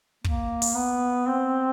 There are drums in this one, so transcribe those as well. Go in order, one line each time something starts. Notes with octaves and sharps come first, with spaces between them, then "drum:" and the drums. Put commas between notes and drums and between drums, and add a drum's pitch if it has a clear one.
A#3, drum: kick
drum: open hi-hat
B3
C4